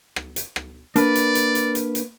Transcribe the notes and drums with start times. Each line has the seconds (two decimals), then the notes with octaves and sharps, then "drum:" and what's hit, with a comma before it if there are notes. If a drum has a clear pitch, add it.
0.16 drum: rim click
0.36 drum: hi-hat
0.56 drum: rim click
0.96 A#3 D4 B4 D5, drum: hi-hat
1.15 drum: hi-hat
1.35 drum: hi-hat
1.55 drum: hi-hat
1.75 drum: hi-hat
1.95 drum: hi-hat